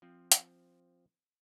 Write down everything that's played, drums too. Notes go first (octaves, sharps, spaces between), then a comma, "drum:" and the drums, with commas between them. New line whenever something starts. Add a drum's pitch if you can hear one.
F3 C4
drum: hi-hat